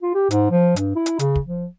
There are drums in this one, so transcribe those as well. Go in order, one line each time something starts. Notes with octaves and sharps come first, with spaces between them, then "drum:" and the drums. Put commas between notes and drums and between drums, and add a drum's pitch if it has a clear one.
F4
G4
G#2, drum: hi-hat
F3
G2, drum: hi-hat
E4
drum: hi-hat
C#3, drum: hi-hat
drum: kick
F3